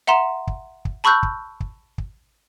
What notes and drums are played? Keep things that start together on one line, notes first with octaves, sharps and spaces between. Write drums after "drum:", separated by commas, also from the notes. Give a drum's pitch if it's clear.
E5 F#5 A#5 C6 E7
drum: kick
drum: kick
A5 B5 C#6 E6 F#6 G6
drum: kick
drum: kick
drum: kick